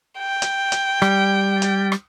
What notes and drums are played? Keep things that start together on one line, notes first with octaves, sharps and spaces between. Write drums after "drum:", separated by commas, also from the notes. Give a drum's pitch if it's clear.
G5
drum: hi-hat
drum: hi-hat
G3, drum: rim click
drum: hi-hat
drum: rim click